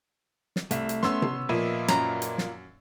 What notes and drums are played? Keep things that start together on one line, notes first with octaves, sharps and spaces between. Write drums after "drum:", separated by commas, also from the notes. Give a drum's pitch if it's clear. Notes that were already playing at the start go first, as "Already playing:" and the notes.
drum: snare
C2 A3 E5, drum: hi-hat
drum: hi-hat
B3 C#4 C6 E6, drum: snare
drum: tom C3
A#2 F3 A#3 B4 D#5 E5
F#2 A#5, drum: snare
drum: hi-hat
drum: snare